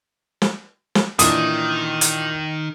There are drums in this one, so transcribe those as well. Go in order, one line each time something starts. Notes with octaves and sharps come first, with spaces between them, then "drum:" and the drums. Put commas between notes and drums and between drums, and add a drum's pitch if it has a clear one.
drum: snare
drum: snare
A#2 D#3 E3 D4 D#6, drum: hi-hat
drum: hi-hat